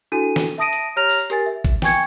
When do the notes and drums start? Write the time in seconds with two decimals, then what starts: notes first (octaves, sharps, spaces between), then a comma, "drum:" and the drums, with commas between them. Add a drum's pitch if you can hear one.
0.12 D4 E4 F#4 A4 G#5 D#7
0.36 drum: snare
0.58 E5 A5 D#6 A#6 D7 D#7
0.73 drum: hi-hat
0.96 G4 C#5 A#5 F6 A#6 F7
1.09 drum: open hi-hat
1.30 G4 A#4 G#5 A6, drum: hi-hat
1.46 E5
1.65 drum: kick A1, hi-hat
1.82 G5 G#5 C#6 G#6 C#7, drum: snare